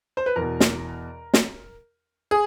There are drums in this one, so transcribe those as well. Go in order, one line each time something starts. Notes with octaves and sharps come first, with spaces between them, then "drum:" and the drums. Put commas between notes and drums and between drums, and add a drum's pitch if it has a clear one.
C5
B4
E2 B2 A#4
drum: snare
drum: snare
G#4